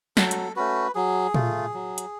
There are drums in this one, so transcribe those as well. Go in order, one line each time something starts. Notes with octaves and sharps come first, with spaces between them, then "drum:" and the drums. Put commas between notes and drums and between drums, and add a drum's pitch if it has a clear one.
F#3 A4, drum: snare
drum: hi-hat
A3 C#4 F#4 B4
F#3 G#4
A3 F4, drum: tom
F#3
drum: hi-hat